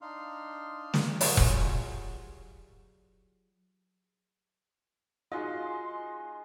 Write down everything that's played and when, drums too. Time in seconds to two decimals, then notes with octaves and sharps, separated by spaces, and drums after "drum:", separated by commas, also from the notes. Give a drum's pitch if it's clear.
0.01 D4 D#4 F5 C6
0.94 drum: snare
1.21 F#3 F4 G4 G#4 D5, drum: open hi-hat
1.37 drum: kick E1
5.32 G#3 D#4 F4 F#4 D#5 C6